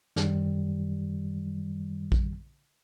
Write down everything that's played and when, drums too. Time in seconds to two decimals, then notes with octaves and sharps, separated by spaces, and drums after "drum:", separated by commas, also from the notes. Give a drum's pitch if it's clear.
0.16 F#2 D#3 G3, drum: snare
2.12 drum: kick A#1